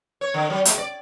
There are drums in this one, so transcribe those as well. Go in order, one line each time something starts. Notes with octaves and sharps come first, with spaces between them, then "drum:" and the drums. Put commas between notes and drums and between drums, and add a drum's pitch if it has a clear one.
C#5
D3
F#3
G#3, drum: hi-hat
D5